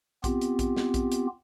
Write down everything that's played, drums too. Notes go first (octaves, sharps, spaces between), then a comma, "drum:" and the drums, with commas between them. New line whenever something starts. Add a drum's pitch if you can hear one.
B3 C4 F4 G4, drum: kick A#1, hi-hat
drum: hi-hat
drum: kick A#1, hi-hat
drum: snare
drum: kick A#1, hi-hat
drum: hi-hat